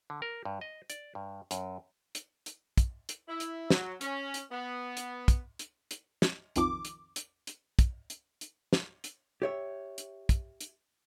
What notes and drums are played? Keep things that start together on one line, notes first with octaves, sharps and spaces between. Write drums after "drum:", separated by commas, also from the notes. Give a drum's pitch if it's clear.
D3
A#4
G2
D#5
D5, drum: hi-hat
G2
F#2, drum: hi-hat
drum: hi-hat
drum: hi-hat
drum: kick, hi-hat
drum: hi-hat
E4
drum: hi-hat
F#3, drum: snare
C#4, drum: hi-hat
drum: hi-hat
B3
drum: hi-hat
drum: kick, hi-hat
drum: hi-hat
drum: hi-hat
drum: snare
B1 F2 D#3 F3 D6, drum: hi-hat
drum: hi-hat
drum: hi-hat
drum: hi-hat
drum: kick, hi-hat
drum: hi-hat
drum: hi-hat
drum: snare
drum: hi-hat
G4 C#5 E5
drum: hi-hat
drum: kick, hi-hat
drum: hi-hat